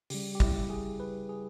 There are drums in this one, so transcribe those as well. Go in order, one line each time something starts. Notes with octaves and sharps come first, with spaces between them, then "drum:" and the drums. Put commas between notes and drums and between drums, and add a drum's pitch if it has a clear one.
C#3 G3 G4, drum: open hi-hat
G4
E4, drum: kick
G#4
B4
G#4